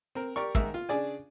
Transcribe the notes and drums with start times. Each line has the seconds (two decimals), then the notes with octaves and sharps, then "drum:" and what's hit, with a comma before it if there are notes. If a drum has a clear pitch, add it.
0.15 C4 A#4
0.36 G4 A#4 D5 C#6
0.55 G#2 D#3 A#4 E5 E6, drum: kick
0.74 F4
0.89 C#3 D4 G#4 D5 G#5